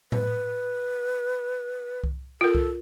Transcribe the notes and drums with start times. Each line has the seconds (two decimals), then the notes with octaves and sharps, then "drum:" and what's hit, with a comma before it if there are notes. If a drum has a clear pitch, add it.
0.12 B4, drum: tom A2
2.04 drum: kick C2
2.41 F4 A4 A#4
2.55 drum: kick C2